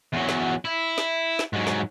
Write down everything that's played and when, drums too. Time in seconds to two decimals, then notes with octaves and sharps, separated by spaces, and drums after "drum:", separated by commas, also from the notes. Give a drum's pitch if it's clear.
0.13 E2 F#3
0.29 drum: snare
0.65 E4
0.98 drum: snare
1.39 drum: snare
1.53 G#2 F#3
1.67 drum: snare